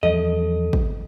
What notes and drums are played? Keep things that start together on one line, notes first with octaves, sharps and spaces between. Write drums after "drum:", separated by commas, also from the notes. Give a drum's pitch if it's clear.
E2 F3 G3 A4 D#5
drum: kick